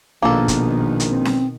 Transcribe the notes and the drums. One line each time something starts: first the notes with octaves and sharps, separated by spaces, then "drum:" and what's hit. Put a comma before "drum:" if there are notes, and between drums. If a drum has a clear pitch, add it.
A#1 B2 D#3 A#3 B3 A4
drum: kick, hi-hat
drum: hi-hat
C4
drum: snare C#4